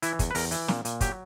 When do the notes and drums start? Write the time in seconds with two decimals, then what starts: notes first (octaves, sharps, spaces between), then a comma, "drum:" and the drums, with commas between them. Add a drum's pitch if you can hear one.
0.02 E3 E4, drum: hi-hat
0.19 E2, drum: kick, hi-hat
0.31 B4
0.35 E2 A#4, drum: open hi-hat
0.51 E3, drum: hi-hat
0.68 A#2, drum: snare
0.85 A#2, drum: hi-hat
1.01 F#3 G4, drum: kick, hi-hat